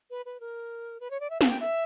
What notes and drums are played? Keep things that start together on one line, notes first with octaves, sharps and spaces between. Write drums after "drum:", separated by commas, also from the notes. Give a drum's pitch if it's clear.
B4
B4
A#4
B4
C#5
D5
E5
F5, drum: snare
G5
E5